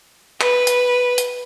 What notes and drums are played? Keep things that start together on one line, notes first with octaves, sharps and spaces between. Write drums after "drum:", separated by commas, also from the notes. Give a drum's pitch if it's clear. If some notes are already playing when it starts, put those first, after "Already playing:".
B4, drum: clap
drum: hi-hat
drum: hi-hat